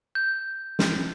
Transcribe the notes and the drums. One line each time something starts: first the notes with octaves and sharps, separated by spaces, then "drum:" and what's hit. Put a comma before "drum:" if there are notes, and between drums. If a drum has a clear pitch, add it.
G6
drum: snare